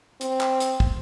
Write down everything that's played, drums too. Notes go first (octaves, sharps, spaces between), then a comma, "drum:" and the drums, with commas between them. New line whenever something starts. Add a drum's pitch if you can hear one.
C4, drum: hi-hat
drum: clap
drum: hi-hat
drum: kick